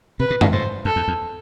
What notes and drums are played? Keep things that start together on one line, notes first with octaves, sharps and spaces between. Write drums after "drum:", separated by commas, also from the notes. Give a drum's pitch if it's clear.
C3 B4
B2
A2, drum: tom F#2
A2 C5
F#2 A4
E2
E2